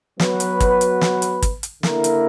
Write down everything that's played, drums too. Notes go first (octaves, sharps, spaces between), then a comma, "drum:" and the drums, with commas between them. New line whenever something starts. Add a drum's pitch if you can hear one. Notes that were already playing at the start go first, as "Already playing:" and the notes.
F#3 B3 F#4 B4, drum: snare
drum: hi-hat
drum: kick, hi-hat
drum: hi-hat
drum: snare
drum: hi-hat
drum: kick, hi-hat
drum: hi-hat
D3 A#3 E4 A#4, drum: snare
drum: hi-hat